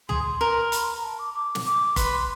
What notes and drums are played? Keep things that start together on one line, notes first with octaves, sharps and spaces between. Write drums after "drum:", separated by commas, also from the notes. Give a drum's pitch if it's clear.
G#4 C6, drum: tom
A#4
B5, drum: hi-hat
A#5
A5
D6
D6
drum: snare
D6
B4 C6, drum: kick F1, hi-hat
C6